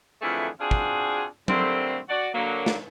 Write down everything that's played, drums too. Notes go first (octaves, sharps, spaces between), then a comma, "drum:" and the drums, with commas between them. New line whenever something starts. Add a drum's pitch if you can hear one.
F2 D3 E3 A3 E4 G#4
C4 D4 F4 F#4 G#4
drum: kick
D3 G3 A3 A#3 C4, drum: tom F#3
F#4 D5
D3 F#3 A#3
drum: snare